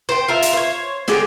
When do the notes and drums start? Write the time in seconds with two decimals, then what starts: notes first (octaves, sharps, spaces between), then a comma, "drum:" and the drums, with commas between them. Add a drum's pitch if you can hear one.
0.09 C5 G5
0.28 F4 A#4 E5
0.42 drum: hi-hat
0.53 C5 C#5
1.08 D3 G#3 G4, drum: snare